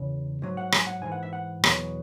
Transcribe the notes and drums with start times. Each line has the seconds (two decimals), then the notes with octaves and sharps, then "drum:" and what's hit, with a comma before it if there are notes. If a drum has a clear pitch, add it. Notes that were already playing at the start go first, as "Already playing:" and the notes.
Already playing: E2 C#3
0.42 G#2 F#3
0.57 F#5
0.72 G#5, drum: rim click
0.87 F#5
1.02 G#2 E3 G#5
1.12 F#5
1.23 E5
1.33 F#5
1.64 E2 B2 F#3, drum: rim click